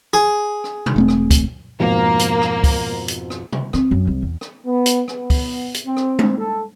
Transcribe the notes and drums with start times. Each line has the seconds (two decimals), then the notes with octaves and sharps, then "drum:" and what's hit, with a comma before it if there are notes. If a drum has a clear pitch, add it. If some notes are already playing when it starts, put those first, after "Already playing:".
0.13 G#4
0.64 drum: rim click
0.86 drum: tom B2
0.96 E1 A3 C4
1.08 drum: rim click
1.31 drum: kick, hi-hat
1.80 F2 G#2 B2 A#3
2.19 drum: hi-hat
2.42 drum: rim click
2.64 drum: kick, open hi-hat
3.08 drum: hi-hat
3.30 drum: rim click
3.53 drum: tom C3
3.73 C4, drum: rim click
3.91 F#2
4.07 C2
4.22 E2
4.41 drum: rim click
4.65 B3
4.86 drum: hi-hat
5.08 B3, drum: rim click
5.30 drum: kick, open hi-hat
5.74 drum: hi-hat
5.85 C4
5.97 drum: rim click
6.19 drum: tom G#3
6.36 A4